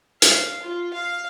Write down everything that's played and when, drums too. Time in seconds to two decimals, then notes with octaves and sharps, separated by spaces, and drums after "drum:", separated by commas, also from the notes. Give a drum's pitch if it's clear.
0.22 F5, drum: hi-hat
0.63 F4
0.94 F5